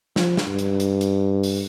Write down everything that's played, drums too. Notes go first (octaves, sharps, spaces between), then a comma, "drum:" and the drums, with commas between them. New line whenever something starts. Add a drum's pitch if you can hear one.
F3, drum: snare
drum: snare
G2
drum: hi-hat
drum: hi-hat
drum: hi-hat
drum: open hi-hat